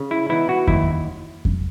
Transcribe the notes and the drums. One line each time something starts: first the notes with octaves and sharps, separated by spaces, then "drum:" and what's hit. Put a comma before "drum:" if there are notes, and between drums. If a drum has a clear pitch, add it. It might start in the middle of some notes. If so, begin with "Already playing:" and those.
Already playing: C#3
E4
E3 B3 D#4 E4
F#4
D#2 E4, drum: kick F2
drum: kick F2